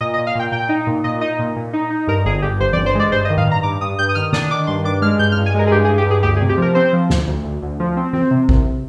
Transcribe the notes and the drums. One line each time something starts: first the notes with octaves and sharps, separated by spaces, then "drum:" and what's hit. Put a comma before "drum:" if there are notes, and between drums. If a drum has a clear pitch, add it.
A#2 D#5
D#5
A#2
F5
A#2 G5
A#2 G5
D#4
A#2
A#2 D#5
D#4 D#5
A#2
A#2
D#4
D#4
G2 A#4
G1 G#4
G2 G4
G1 C5
D5, drum: tom E3
G1
C5
G#3 D5
G2 C5
D#5
D#3
F5, drum: tom A2
G2 A#5
G2 D6
G2 D#6
G2 G6
D#6
D#3 F6
D4 D#6, drum: snare
D#3 D6
G2 C6
D4 D6
G#3 F6
G2 G6
F6, drum: cymbal
G2
G#5
G#3 A#4
G#4
G2 G4
G#4
G2
G4
G2 G#4
D2 G4
G#4
C3
G4
F3 A#4
C4 C5
F3
D2, drum: snare
D2
D2
D2
F3
C4
C4, drum: tom E3
C3
C2, drum: kick A1